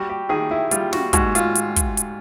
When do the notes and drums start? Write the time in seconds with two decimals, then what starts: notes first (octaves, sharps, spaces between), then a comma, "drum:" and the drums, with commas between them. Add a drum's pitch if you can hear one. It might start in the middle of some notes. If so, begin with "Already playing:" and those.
Already playing: G3 F#4
0.09 G4
0.29 D#3 G#4
0.51 E4
0.71 G3 F4, drum: hi-hat
0.93 F#4, drum: snare
1.13 G#2 F#4, drum: kick, hi-hat
1.35 F4, drum: hi-hat
1.55 drum: hi-hat
1.76 drum: kick, hi-hat
1.97 drum: hi-hat